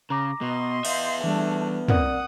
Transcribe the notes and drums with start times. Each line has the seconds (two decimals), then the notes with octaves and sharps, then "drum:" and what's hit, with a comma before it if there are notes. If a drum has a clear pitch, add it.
0.10 C#3 A#5 D6 A#6
0.41 B2 D#5 C6
0.85 B3 E5 F5 G6, drum: cymbal
1.23 E3 G3 A3 D4
1.88 C4 A#4 D5 F#5 D#6, drum: tom